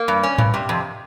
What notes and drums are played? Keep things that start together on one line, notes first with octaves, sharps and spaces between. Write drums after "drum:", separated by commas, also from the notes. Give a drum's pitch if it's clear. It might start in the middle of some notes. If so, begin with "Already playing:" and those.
Already playing: A#3
G2
C#4
G2, drum: tom G#2
C3
F2